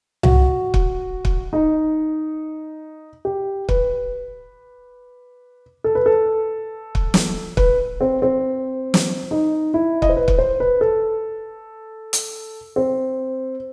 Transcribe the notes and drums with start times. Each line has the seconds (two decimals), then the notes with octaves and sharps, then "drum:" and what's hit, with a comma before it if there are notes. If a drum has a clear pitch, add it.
0.23 F#4, drum: tom C2
0.74 drum: kick
1.25 drum: kick
1.53 D#4
3.25 G4
3.69 B4, drum: kick
5.84 A4
5.95 B4
6.06 A4
6.95 drum: kick
7.14 drum: snare
7.57 B4, drum: kick
8.01 C4
8.22 C4
8.94 drum: snare
9.31 D#4
9.74 E4
10.02 D#5, drum: kick
10.09 C5
10.16 B4
10.28 drum: kick
10.39 C5
10.60 B4
10.81 A4
12.13 drum: hi-hat
12.76 C4